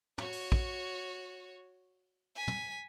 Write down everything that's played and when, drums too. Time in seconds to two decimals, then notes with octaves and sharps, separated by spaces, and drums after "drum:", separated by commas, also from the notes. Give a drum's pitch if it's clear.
0.18 F#4 C#5, drum: tom
0.32 drum: open hi-hat
0.52 drum: kick
2.35 G#5 B6
2.48 drum: tom